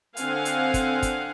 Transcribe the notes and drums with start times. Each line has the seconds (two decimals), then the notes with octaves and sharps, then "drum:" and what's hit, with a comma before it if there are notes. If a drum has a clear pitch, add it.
0.17 D3 C4 F5 F#5 G#5, drum: hi-hat
0.45 drum: hi-hat
0.74 drum: kick, hi-hat
1.02 drum: kick, hi-hat